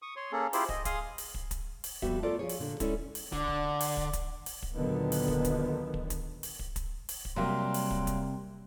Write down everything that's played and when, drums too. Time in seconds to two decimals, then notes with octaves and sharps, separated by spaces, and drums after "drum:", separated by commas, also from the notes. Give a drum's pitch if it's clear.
0.02 C#6 D#6
0.16 C#5 C6
0.32 A#3 C#4 G#4 A4
0.53 E4 F4 G4 G#4 C5, drum: open hi-hat
0.69 D#5, drum: kick
0.85 G#4 F5 C6 D#6, drum: kick, hi-hat
1.18 drum: open hi-hat
1.34 drum: kick
1.51 drum: kick, hi-hat
1.84 drum: open hi-hat
2.02 F2 G3 B3 F#4 G4 E5, drum: kick
2.23 A3 F4 A4 A#4 D5
2.39 F3 G#4 C#5
2.49 drum: open hi-hat
2.59 A#2 D3
2.80 G#3 C#4 E4 A4 C#5 D5, drum: kick, hi-hat
3.15 drum: open hi-hat
3.33 D3 D5, drum: kick
3.48 drum: kick
3.81 drum: open hi-hat
3.97 drum: kick
4.13 drum: kick, hi-hat
4.46 drum: open hi-hat
4.63 drum: kick
4.75 D2 A#2 D3 D#3 F#3 B3
5.12 drum: open hi-hat
5.28 drum: kick
5.45 drum: kick, hi-hat
5.94 drum: kick
6.10 drum: kick, hi-hat
6.43 drum: open hi-hat
6.59 drum: kick
6.76 drum: kick, hi-hat
7.09 drum: open hi-hat
7.25 drum: kick
7.36 C3 F#3 G3 A#3 C6
7.74 drum: open hi-hat
7.91 drum: kick
8.07 drum: kick, hi-hat